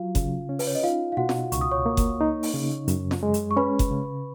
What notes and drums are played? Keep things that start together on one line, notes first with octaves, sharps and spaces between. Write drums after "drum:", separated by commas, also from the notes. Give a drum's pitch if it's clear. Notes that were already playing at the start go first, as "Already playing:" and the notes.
Already playing: F#3 F4 F5
C#3, drum: kick F#1, hi-hat
C#4
B4, drum: open hi-hat
C#5
D#5
D#4 F4 F5
F5
B2 F#4 F#5
drum: snare
C#2 C#6, drum: hi-hat
D#6
C#5 C#6
A#3
drum: kick F#1, hi-hat
D#4
drum: open hi-hat
C#3
F#2, drum: hi-hat
drum: snare
G#3
drum: hi-hat
C#6
C#4 B4 B5
drum: kick F#1, hi-hat
C#3